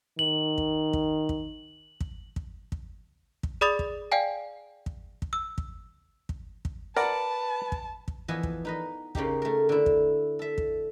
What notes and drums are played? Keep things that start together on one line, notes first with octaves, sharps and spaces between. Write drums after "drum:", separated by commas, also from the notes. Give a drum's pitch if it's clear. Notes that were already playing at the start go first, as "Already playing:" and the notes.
D#3 F#7
drum: kick
drum: kick
drum: kick
drum: kick
drum: kick
drum: kick
drum: kick
G#4 D5 B5 D#6 A6 F7
drum: kick
D5 F5 G5 G#5
drum: kick
drum: kick
E6
drum: kick
drum: kick
drum: kick
A#4 B4 D5 F#5 A5
drum: kick
drum: kick
E3 F3 B3 B4 D#5 G#5
drum: kick
D#4 B4 D#5
C#3 A#3 D#4 G4, drum: kick
A3 A#4
D3 E4
drum: kick
A4 E5
drum: kick